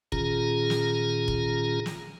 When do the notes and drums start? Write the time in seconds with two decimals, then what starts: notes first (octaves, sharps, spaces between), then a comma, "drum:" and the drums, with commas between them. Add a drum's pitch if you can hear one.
0.12 A#2 D#3 C#4 F4 G#4 A#5, drum: kick F1
0.70 drum: snare
1.28 drum: kick F1
1.86 drum: snare